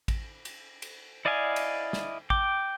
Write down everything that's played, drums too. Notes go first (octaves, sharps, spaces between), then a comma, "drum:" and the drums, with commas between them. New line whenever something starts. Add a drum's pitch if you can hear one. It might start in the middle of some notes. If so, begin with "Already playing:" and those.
drum: kick A1, cymbal
drum: cymbal
drum: cymbal
E4 D5 D#5 F5 G#5
drum: cymbal
drum: snare
G5 D6, drum: kick A1